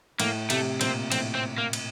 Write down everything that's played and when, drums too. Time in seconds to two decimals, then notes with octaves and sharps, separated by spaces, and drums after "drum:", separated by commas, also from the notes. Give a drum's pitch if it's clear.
0.20 A2 A#3, drum: cymbal
0.50 C3 A3, drum: cymbal
0.81 A#2 C4, drum: cymbal
1.12 A2 C4, drum: cymbal
1.35 C4
1.58 A#3
1.73 drum: cymbal